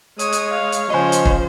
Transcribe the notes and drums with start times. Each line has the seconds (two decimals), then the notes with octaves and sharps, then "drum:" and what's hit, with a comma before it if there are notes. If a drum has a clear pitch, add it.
0.19 G#3 C#5 D#6, drum: hi-hat
0.33 drum: hi-hat
0.51 F5
0.72 drum: hi-hat
0.90 C#3 F3 C5 D#5 G#5
1.12 drum: hi-hat
1.25 drum: kick E1